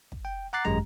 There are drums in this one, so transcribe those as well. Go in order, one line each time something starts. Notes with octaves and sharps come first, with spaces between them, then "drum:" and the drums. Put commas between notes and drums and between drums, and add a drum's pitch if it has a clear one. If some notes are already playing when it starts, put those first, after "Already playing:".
drum: kick
G5
F#5 A#5 D6 F#6 A6 C7
G#1 F#2 G#3 G4 A#5